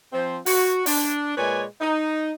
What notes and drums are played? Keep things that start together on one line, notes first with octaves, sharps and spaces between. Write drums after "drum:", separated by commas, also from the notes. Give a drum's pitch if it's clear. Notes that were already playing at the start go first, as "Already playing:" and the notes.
F3 C4 C5
F#4, drum: open hi-hat
D4, drum: open hi-hat
A#2 G#3 B4 C#5 D5 G#5
D#4